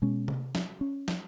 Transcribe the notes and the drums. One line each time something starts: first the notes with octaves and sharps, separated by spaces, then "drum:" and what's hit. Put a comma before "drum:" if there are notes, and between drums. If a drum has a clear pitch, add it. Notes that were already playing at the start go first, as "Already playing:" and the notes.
B2 G#3 C#4
drum: tom C3
drum: snare
C#4
drum: snare